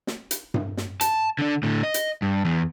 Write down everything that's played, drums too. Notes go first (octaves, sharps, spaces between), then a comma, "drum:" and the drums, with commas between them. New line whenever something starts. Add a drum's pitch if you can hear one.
drum: snare
drum: hi-hat
drum: tom G2
drum: snare
A5, drum: hi-hat
D3 D4
A2 D3
D#5
drum: hi-hat
G2
E2